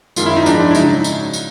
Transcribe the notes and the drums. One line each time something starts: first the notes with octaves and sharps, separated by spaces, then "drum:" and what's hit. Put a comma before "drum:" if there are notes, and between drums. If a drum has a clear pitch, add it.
F#2 D#3 G#3 F4, drum: tambourine
E4
D#4
G#2 F3 G#3 D4, drum: tambourine
E4
C#3 F#3 D#4, drum: tambourine
drum: tambourine
drum: tambourine